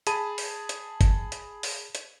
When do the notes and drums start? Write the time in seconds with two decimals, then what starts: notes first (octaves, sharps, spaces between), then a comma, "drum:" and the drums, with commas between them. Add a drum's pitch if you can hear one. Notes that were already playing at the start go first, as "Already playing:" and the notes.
0.07 G#4 A5 B5 D#7, drum: hi-hat
0.38 drum: open hi-hat
0.69 drum: hi-hat
1.01 drum: kick G1, hi-hat
1.32 drum: hi-hat
1.63 drum: open hi-hat
1.95 drum: hi-hat